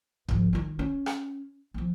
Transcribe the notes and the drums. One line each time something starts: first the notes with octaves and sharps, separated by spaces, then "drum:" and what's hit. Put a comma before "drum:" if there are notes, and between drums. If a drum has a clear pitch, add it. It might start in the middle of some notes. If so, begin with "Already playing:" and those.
G#2 F3, drum: kick
D#3 F4
C#4
drum: rim click
F3 B3